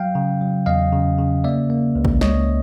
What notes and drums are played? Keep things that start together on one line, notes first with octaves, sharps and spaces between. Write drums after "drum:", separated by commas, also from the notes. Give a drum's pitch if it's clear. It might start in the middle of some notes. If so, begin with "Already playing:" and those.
Already playing: F#3 F5 G5
C#3
F#3
E2 D#5 F5
C#3
C#3
A#3 D5 E5
A#3
C#2
drum: kick
C#2 C#5 D#5, drum: snare